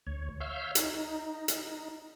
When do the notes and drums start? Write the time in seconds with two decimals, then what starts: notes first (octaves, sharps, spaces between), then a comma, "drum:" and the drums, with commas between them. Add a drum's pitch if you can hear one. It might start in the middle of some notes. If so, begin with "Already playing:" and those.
0.07 D2 C#5
0.40 C#5 E5 F5 E6 F6 G6
0.75 D#4, drum: hi-hat
1.48 drum: hi-hat